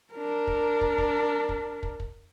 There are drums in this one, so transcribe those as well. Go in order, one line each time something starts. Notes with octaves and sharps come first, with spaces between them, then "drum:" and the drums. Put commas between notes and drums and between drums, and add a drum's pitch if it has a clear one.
D4 A#4
drum: kick
drum: kick
drum: kick
drum: kick
drum: kick
drum: kick